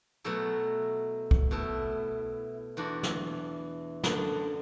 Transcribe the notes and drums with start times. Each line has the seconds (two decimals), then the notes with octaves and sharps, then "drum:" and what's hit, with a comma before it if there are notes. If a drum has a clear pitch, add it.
0.24 B2 F#3 A3 E4 A4
1.31 drum: kick
1.51 B2 A3 E4
2.77 E2 E3 D4 F#4
3.03 drum: snare
4.04 F#2 D3 B3, drum: snare